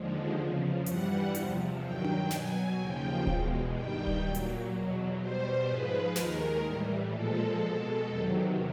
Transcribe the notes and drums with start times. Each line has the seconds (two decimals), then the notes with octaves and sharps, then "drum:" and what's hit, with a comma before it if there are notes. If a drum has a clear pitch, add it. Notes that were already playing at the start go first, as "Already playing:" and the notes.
Already playing: D#2 D3 F3 G#3
0.38 E2 C#3 F3
0.86 G2 E3 G3 F#5, drum: hi-hat
1.35 E2 C3 F3, drum: hi-hat
1.83 G2 D#3 F#3 G5
2.04 drum: tom D4
2.31 B2 F#3 G#5, drum: snare
2.79 D#2 C#3 F3 G5
3.27 E2 B2 G#3, drum: kick D1
3.75 G2 D#3 G3 G5
4.07 drum: kick D1
4.24 A#2 F#3
4.35 drum: hi-hat
4.72 E2 B2 F#3
5.20 B2 G3 C5
5.68 G#2 F3 G#3 B4
6.16 D#2 D#3 G#3 A#4, drum: snare
6.64 A2 E3 G3
7.12 A#2 F3 G#3 A4
7.60 B2 G#3 A4
8.08 E2 C3 D#3 F#3